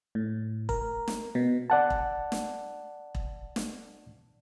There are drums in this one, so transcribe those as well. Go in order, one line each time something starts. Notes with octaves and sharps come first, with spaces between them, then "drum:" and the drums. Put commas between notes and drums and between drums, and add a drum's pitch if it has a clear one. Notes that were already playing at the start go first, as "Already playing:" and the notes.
A2
A#4, drum: kick E1
drum: snare
B2
D5 F#5 A5
drum: kick E1
drum: snare
drum: kick E1
drum: snare